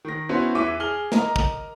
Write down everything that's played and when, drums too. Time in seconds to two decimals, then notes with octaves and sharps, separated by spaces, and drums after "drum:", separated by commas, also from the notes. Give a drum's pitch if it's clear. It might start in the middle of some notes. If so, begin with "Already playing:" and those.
0.05 D#3 A#6
0.29 B3 C#4 E4 F#4 C5
0.55 E2 E3 E5 D6 D#7
0.80 G#4 F6 F#7 G7
1.12 A#4 D#5 A#5, drum: snare
1.36 drum: kick